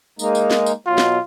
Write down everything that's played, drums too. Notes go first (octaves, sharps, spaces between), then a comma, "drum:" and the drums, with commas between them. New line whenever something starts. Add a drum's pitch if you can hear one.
G#3 A#3 D#4, drum: tambourine
drum: tambourine
drum: snare
drum: tambourine
B2 F#3 F4
drum: snare